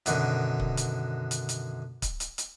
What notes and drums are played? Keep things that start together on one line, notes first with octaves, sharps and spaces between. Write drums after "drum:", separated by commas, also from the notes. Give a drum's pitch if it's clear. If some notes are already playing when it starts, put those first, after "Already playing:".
F#2 B2 D3 D#3, drum: hi-hat
drum: kick C#1
drum: hi-hat
drum: hi-hat
drum: hi-hat
drum: kick C#1, hi-hat
drum: hi-hat
drum: hi-hat